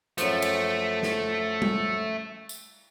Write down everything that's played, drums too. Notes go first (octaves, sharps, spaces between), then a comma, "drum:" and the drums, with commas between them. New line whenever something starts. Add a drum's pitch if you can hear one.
F#2 F3 A3, drum: hi-hat
drum: cymbal
drum: snare
drum: tom G3
drum: tambourine